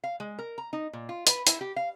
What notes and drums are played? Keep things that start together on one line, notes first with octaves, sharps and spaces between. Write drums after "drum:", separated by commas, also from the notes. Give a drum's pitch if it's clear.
F5
G#3
A#4
A#5
D#4
A#2
F4
B4, drum: hi-hat
E4, drum: hi-hat
G4
F5